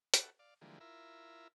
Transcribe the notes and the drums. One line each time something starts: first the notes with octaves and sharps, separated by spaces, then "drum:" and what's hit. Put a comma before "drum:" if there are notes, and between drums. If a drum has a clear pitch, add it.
F#4 G4 A4 B4 E5 F#5, drum: hi-hat
D5 F5
D3 E3 F3 G3 G#3 A#3
E4 F4 A#4 E5